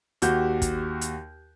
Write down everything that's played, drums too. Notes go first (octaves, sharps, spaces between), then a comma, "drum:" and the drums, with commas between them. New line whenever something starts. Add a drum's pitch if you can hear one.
D#2 F#4 G4 G6, drum: hi-hat
drum: kick, hi-hat
drum: hi-hat